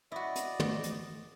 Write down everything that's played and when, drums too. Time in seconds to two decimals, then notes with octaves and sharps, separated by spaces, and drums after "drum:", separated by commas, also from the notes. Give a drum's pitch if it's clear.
0.12 E4 F#4 D5 D#5
0.36 drum: hi-hat
0.60 drum: tom
0.84 drum: hi-hat